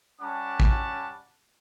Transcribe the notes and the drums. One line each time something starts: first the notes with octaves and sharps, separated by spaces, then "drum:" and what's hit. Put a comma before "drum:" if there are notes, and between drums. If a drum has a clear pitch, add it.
G3 C#4 F#5 A5 B5 D6
drum: kick